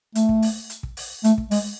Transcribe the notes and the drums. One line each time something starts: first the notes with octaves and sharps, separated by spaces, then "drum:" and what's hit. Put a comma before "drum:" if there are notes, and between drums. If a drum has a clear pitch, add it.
A3, drum: hi-hat
drum: kick
drum: open hi-hat
drum: hi-hat
drum: kick
drum: open hi-hat
A3, drum: hi-hat
drum: kick
G#3, drum: open hi-hat